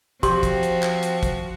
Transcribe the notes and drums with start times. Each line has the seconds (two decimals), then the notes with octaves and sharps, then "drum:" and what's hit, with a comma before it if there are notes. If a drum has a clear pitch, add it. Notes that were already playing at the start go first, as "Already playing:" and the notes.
0.23 F3 C4 F#4 G4 C6, drum: kick, hi-hat
0.43 drum: kick, hi-hat
0.63 drum: hi-hat
0.83 drum: clap
1.03 drum: hi-hat
1.23 drum: kick, hi-hat